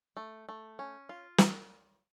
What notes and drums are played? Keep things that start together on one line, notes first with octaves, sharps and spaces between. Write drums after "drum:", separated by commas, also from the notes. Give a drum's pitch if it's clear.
A3
A3
C#4
F4
drum: snare